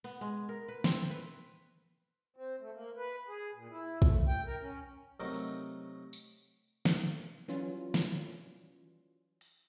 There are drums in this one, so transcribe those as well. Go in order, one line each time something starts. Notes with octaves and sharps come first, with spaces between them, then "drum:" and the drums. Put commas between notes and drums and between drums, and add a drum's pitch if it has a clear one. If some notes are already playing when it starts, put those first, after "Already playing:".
B3, drum: open hi-hat
G#3
A#4
B4
C4, drum: snare
B4
C4
A3
A#3
B4
G#4
A#2
E4
A3, drum: kick
G5
A#4
C#4
C3 F#3 A3 D#4 A#4 C5
drum: open hi-hat
drum: tambourine
drum: snare
E3 F#3 G3 C#4 F4
drum: snare
drum: open hi-hat